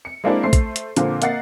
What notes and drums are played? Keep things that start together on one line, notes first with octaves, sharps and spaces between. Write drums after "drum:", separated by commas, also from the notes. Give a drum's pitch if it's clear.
C#7
G#3 A#3 C4 D4 E4
A3 C5 C6 C7
drum: kick, hi-hat
drum: hi-hat
A#2 D3 F3 A#3 C4, drum: hi-hat
A#3 D#5 F#5 A6 C7, drum: hi-hat